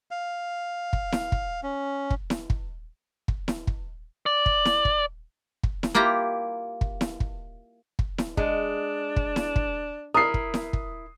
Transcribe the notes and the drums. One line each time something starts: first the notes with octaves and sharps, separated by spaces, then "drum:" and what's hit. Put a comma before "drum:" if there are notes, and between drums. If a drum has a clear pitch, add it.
F5
drum: kick
drum: snare E4
drum: kick
C#4
drum: kick
drum: snare E4
drum: kick
drum: kick
drum: snare E4
drum: kick
D5
drum: kick
drum: snare E4
drum: kick
drum: kick
drum: snare E4
A#3 E4 F4 G4 A#5
drum: kick
drum: snare E4
drum: kick
drum: kick
drum: snare E4
G#3 D4, drum: kick
drum: kick
drum: snare E4
drum: kick
E4 A#4 D#6 C7
drum: kick
drum: snare E4
drum: kick